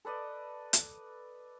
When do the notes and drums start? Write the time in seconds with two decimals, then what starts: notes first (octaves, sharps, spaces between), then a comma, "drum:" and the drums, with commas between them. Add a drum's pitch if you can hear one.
0.05 A4 B4 D5 D#5
0.73 drum: hi-hat